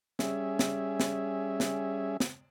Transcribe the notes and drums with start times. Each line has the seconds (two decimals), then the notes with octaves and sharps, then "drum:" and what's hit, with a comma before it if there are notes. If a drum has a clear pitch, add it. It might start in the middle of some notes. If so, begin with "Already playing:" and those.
0.19 G3 C#4 G#4 E5, drum: snare
0.59 drum: snare
1.00 drum: snare
1.60 drum: snare
2.20 drum: snare